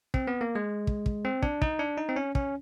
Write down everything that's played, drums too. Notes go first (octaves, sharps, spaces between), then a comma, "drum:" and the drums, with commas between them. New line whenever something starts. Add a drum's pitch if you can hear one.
C4, drum: kick
B3
A#3
G#3
drum: kick
drum: kick
C4
D4, drum: kick
D#4, drum: kick
D4
D#4
C4
C#4
C#4, drum: kick